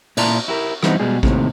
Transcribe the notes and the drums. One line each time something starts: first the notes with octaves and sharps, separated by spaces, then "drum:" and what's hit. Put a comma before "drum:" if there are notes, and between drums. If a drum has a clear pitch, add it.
A#2 E4 D5 A5 A#5 C6, drum: cymbal
E4 G4 A#4
E3 G3 B3 C4 D#4, drum: rim click
B2 G3 G#3 G#4
D#2 A2 C3, drum: kick A1